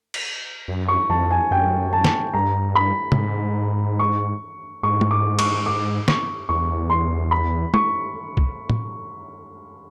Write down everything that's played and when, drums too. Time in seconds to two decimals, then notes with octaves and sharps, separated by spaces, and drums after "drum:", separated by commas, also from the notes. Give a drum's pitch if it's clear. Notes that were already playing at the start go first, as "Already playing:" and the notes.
0.14 drum: cymbal
0.68 F#2
0.88 C#6
1.10 F2 A5
1.31 G#5
1.51 F#2 G5
1.93 A5
2.04 drum: snare
2.34 G2 A#5
2.75 B5
3.12 A2, drum: tom
3.17 G#2
3.99 C#6
4.83 G#2 C#6
5.01 drum: tom
5.11 D6
5.39 C#6, drum: cymbal
5.66 D6
6.08 C#6, drum: snare
6.49 E2 C#6
6.90 C6
7.31 B5
7.74 C#6, drum: tom
8.37 drum: kick
8.70 drum: tom A2